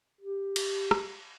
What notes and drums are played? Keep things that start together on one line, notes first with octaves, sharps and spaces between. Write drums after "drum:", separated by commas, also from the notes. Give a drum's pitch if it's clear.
G4
drum: cymbal
drum: rim click